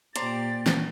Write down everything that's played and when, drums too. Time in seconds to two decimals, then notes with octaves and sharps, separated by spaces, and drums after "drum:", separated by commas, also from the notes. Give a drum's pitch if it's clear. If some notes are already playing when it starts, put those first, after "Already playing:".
0.16 A#2 G4 C5 D5 A#5 A6, drum: hi-hat
0.66 drum: snare